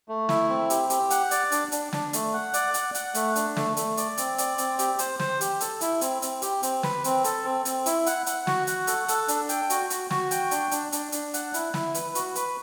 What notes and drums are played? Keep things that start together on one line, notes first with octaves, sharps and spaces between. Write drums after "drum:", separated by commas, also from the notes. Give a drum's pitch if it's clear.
A3
E4, drum: snare
C4
G4, drum: hi-hat
G4, drum: hi-hat
F#5, drum: hi-hat
D5, drum: hi-hat
D4, drum: hi-hat
D4, drum: hi-hat
D4, drum: snare
A3, drum: hi-hat
F#5
D5, drum: hi-hat
F#5, drum: hi-hat
F#5, drum: hi-hat
A3, drum: hi-hat
D4, drum: hi-hat
A3, drum: snare
A3, drum: hi-hat
D5, drum: hi-hat
C4, drum: hi-hat
D5, drum: hi-hat
C4, drum: hi-hat
G4, drum: hi-hat
C5, drum: hi-hat
C5, drum: snare
G4, drum: hi-hat
A4, drum: hi-hat
E4, drum: hi-hat
C4, drum: hi-hat
C4, drum: hi-hat
G4, drum: hi-hat
C4, drum: hi-hat
B4, drum: snare
C4, drum: hi-hat
A4, drum: hi-hat
C4
C4, drum: hi-hat
E4, drum: hi-hat
F#5, drum: hi-hat
F#5, drum: hi-hat
F#4, drum: snare
F#5, drum: hi-hat
A4, drum: hi-hat
A4, drum: hi-hat
D4, drum: hi-hat
G5, drum: hi-hat
F#4, drum: hi-hat
F#4, drum: hi-hat
F#4, drum: snare
G5, drum: hi-hat
D4, drum: hi-hat
D4, drum: hi-hat
D4, drum: hi-hat
D4, drum: hi-hat
F#5, drum: hi-hat
E4, drum: hi-hat
E4, drum: snare
B4, drum: hi-hat
F#4, drum: hi-hat
B4, drum: hi-hat